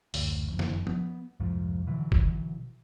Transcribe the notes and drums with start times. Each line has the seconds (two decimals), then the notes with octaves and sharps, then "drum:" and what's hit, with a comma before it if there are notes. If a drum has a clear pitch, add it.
0.14 F#1 D2, drum: open hi-hat
0.50 F#1 F2
0.59 drum: snare
0.87 B3, drum: tom F3
1.40 C2 F2 G#2 F3
1.87 B2 D3 E3 F#3
2.12 drum: kick